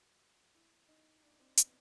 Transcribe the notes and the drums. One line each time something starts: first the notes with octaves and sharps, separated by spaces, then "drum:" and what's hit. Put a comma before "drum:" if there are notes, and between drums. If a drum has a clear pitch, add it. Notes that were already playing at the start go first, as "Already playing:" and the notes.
Already playing: A#2 F#4 G4
E4
D#4
D4
C4
B3, drum: hi-hat